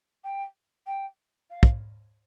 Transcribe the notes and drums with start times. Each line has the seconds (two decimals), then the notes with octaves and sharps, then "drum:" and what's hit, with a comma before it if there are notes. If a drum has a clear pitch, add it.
0.24 G5
0.86 G5
1.50 F5
1.63 drum: kick